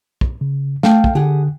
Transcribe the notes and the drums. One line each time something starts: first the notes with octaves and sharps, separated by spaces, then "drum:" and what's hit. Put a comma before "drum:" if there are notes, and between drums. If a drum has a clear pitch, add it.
drum: kick
C#3
A3 F5 G5, drum: snare
drum: kick
D3 G4 G#4 F#5